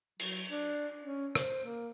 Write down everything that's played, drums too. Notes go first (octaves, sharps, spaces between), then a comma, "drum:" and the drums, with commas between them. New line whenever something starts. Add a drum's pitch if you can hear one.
F#3, drum: cymbal
D4
C#4
C5, drum: rim click
A#3